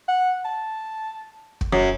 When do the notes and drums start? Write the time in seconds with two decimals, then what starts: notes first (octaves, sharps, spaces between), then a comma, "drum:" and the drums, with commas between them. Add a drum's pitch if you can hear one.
0.09 F#5
0.45 A5
1.61 drum: kick
1.73 F#2